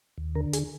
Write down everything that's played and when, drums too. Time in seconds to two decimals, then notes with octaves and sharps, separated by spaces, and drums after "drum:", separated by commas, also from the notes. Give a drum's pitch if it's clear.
0.18 D#2
0.35 D3 A#4
0.53 G#4, drum: hi-hat